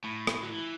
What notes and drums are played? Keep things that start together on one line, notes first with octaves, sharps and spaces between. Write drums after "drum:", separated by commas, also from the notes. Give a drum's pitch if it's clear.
A2
drum: rim click
F#3
E3